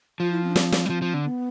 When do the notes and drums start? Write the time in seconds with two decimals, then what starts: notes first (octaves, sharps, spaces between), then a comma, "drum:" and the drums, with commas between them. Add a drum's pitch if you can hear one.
0.20 F3 F4
0.32 E4
0.44 C4
0.50 D4
0.56 C4, drum: snare
0.72 drum: snare
0.86 G3
0.90 F3
1.02 F3
1.14 D3
1.24 B3